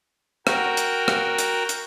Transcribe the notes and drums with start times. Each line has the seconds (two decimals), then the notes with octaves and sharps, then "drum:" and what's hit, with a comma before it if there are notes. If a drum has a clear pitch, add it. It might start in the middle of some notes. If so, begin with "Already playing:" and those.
0.47 F#4 A#4 G5, drum: rim click
0.77 drum: hi-hat
1.08 drum: rim click
1.38 drum: hi-hat
1.69 drum: hi-hat